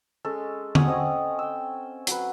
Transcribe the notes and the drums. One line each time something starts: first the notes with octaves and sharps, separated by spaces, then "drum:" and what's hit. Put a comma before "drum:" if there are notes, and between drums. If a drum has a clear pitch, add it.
G#3 C#4 A4
F#3 C#4 C#5 D#6, drum: tom D3
C4 C#4 D#5
G5 E6
F#3 B4, drum: hi-hat